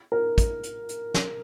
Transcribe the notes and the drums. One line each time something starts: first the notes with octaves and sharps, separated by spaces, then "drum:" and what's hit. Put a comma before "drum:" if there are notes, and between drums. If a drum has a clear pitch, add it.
A#4
drum: kick, hi-hat
drum: hi-hat
drum: hi-hat
drum: snare